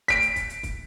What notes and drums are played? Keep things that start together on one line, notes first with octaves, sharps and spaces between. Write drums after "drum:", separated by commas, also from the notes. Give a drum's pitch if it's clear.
B6 D7, drum: kick, hi-hat
drum: hi-hat
drum: kick, hi-hat
drum: hi-hat
drum: kick, hi-hat